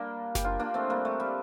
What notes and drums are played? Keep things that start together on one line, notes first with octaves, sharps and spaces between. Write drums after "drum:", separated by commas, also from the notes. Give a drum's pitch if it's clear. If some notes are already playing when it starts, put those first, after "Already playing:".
Already playing: G3 A#3 D4
G4, drum: snare F#1
D4 F4
A#3 D4
A3 C4
G3 A#3
A3
G3